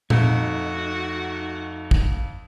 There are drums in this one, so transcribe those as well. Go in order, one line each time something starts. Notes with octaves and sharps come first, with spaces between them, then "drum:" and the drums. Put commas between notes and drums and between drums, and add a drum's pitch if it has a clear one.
F2 A3 D#4 F#4, drum: tom A#2
drum: kick